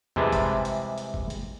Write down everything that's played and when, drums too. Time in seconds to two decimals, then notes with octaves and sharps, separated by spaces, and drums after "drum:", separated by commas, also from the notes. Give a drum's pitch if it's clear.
0.16 C3 E3 G3 G#3 B4 A5, drum: tom E2
0.32 drum: kick G1, hi-hat
0.65 drum: hi-hat
0.98 drum: hi-hat
1.14 drum: kick G1
1.30 drum: hi-hat